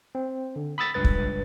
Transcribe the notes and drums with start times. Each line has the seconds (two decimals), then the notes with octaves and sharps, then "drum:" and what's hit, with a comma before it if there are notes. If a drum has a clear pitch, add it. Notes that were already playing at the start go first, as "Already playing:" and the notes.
0.15 C4
0.56 D3
0.78 B5 D#6 E6 A6 B6
0.94 C#2 G2 B4 A6
1.04 drum: kick